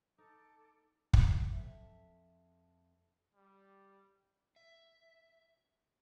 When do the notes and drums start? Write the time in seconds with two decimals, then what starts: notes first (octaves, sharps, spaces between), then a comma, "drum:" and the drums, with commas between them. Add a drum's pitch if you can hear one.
0.18 D#4 A4 A5 D6
1.13 drum: kick
1.52 F2 E5
3.35 G3
4.56 E5